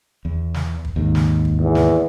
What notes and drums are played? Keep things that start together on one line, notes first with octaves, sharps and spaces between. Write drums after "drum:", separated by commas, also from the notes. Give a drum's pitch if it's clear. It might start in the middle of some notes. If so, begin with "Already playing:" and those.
E2
drum: snare
drum: kick
D#2 G#2
drum: snare
drum: kick
E2
drum: snare